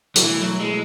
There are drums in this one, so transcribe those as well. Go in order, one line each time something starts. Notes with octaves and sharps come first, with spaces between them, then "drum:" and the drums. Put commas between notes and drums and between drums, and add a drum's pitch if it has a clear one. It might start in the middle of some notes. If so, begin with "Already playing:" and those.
F#3, drum: hi-hat
B2 E3 A3 E4
F#3
G#3